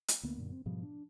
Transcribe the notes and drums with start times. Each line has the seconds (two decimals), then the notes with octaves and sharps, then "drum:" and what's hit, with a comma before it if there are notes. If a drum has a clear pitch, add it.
0.08 drum: hi-hat
0.23 D2 A#3 B3
0.38 F#2 A#2 D3
0.52 C4
0.66 G#2 B2 F3 G3
0.83 D4